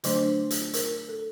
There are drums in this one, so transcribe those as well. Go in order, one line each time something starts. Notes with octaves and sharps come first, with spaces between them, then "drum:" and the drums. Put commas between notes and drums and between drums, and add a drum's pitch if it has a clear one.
D3 F#3 A3 D4 C5, drum: hi-hat
drum: hi-hat
A#4, drum: hi-hat
A4